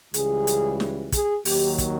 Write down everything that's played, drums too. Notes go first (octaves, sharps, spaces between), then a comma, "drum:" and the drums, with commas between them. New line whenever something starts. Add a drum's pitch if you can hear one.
C#2 C#3 E3 G3 G#4, drum: hi-hat
drum: hi-hat
drum: snare
G#4, drum: kick, hi-hat
D#2 D#3 F#3 G4, drum: open hi-hat
drum: kick, hi-hat